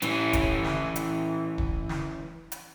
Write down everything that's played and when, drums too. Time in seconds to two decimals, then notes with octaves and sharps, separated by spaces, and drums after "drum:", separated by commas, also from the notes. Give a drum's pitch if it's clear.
0.02 E3 C#4, drum: hi-hat
0.33 drum: kick D#1, hi-hat
0.64 drum: snare
0.96 drum: hi-hat
1.58 drum: kick D#1
1.89 drum: snare
2.52 drum: hi-hat